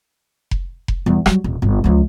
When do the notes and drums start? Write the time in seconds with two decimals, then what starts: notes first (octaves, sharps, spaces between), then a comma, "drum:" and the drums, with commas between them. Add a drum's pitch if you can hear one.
0.51 drum: kick F1
0.88 drum: kick F1
1.06 E2 G3
1.26 F#3 G3, drum: rim click
1.44 D#1
1.62 G1 G2
1.84 C#2 F3